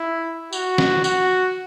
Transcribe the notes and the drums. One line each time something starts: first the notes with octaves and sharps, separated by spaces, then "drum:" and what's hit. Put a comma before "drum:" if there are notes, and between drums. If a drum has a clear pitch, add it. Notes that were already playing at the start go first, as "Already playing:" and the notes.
Already playing: E4
F#4, drum: tambourine
drum: snare
F#4, drum: tambourine